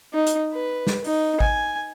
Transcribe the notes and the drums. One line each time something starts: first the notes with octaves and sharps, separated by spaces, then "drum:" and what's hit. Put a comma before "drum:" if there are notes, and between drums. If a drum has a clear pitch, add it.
D#4
drum: hi-hat
B4
drum: snare
D#4, drum: open hi-hat
G#5, drum: kick G#1